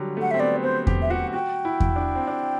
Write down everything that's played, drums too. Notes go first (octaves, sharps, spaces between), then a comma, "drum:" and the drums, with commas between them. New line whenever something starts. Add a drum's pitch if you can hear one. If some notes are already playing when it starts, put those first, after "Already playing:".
Already playing: D3 F#3 G3
A3 F#5
C4 E5
B3 D5
C4 C5
G4, drum: kick E2
E5
F#4 F#5
F#4 G5
E4
drum: kick E2
D4
C4
D4